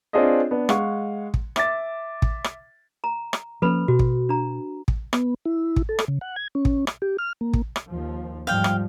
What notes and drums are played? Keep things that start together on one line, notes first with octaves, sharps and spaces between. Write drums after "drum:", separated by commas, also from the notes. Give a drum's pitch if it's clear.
C4 D4 F4 G#4 C#5 D#5
B3 D4
G#3 F5 F#5 C#6, drum: rim click
drum: kick
E5 D6 A6, drum: rim click
drum: kick
drum: rim click
A#5
drum: rim click
F3 A#3 C#4 A4 B4 B5
B2 F#4
drum: kick
D4 A#5
drum: kick
B3, drum: rim click
E4
drum: kick
A4
drum: rim click
C#3
F#5
G#6
C#4
drum: kick
drum: rim click
G4
F6
A#3
drum: kick
drum: rim click
D#2 F3
G#2 F3 G3 F5 G5
drum: rim click